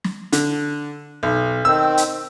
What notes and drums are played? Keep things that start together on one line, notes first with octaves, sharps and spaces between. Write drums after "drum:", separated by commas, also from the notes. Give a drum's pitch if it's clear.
drum: snare
D3, drum: hi-hat
B1
D#3 C4 E6
drum: hi-hat